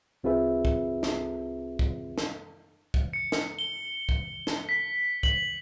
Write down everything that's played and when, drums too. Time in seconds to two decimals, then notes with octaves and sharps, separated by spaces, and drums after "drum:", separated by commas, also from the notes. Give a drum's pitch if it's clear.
0.24 C2 C4 F4 G#4 B4 E5
0.65 drum: kick
1.03 drum: snare
1.79 drum: kick
2.18 drum: snare
2.94 drum: kick
3.13 C#7
3.32 drum: snare
3.59 G7
4.09 drum: kick
4.47 drum: snare
4.69 B6
5.23 F#7, drum: kick